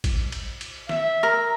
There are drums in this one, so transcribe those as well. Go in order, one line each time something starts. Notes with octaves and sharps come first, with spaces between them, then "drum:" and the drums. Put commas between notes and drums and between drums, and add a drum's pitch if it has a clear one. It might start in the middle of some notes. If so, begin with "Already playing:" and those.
drum: kick A1, cymbal
drum: cymbal
drum: cymbal
E5, drum: snare
A#4